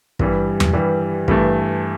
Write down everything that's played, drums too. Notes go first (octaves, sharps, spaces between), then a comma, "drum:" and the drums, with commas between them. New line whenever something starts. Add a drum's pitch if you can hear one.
G2 E3 G3, drum: kick
drum: tom E2
G2 E3 G3
G2 E3 A3, drum: kick